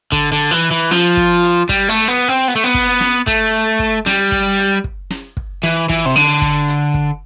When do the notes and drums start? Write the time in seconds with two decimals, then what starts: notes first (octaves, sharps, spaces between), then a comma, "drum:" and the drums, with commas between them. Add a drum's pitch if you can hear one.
0.12 D3, drum: kick
0.32 D3
0.51 E3
0.71 E3
0.91 F3, drum: snare
1.17 drum: kick
1.43 drum: hi-hat
1.69 G3, drum: kick
1.89 A3
2.08 B3
2.28 C4
2.48 B3, drum: hi-hat
2.56 A3
2.64 B3
2.74 drum: kick
3.01 drum: snare
3.27 A3, drum: kick
3.79 drum: kick
4.06 G3, drum: snare
4.32 drum: kick
4.58 drum: hi-hat
4.84 drum: kick
5.10 drum: snare
5.37 drum: kick
5.63 E3, drum: hi-hat
5.89 E3, drum: kick
6.06 C3
6.16 D3, drum: snare
6.42 drum: kick
6.68 drum: hi-hat
6.94 drum: kick